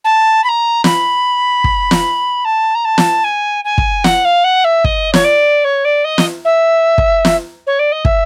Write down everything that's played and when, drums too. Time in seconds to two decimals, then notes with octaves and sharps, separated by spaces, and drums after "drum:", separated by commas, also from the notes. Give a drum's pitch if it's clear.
0.04 A5
0.44 B5
0.49 A#5
0.84 B5, drum: snare
1.64 drum: kick
1.91 drum: snare
2.45 A5
2.75 A#5
2.85 A5
2.98 drum: snare
3.24 G#5
3.65 G#5
3.78 drum: kick
4.04 F#5, drum: snare
4.25 F5
4.44 F#5
4.64 E5
4.84 D#5, drum: kick
5.14 C#5, drum: snare
5.24 D5
5.64 C#5
5.85 D5
6.04 D#5
6.18 drum: snare
6.45 E5
6.98 drum: kick
7.25 drum: snare
7.67 C#5
7.79 D5
7.92 D#5
8.05 E5, drum: kick